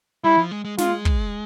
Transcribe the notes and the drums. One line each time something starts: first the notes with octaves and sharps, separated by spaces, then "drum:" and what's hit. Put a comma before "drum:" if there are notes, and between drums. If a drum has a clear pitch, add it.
G3 E4
F3
G#3
G#3
G#3 F4, drum: snare
drum: kick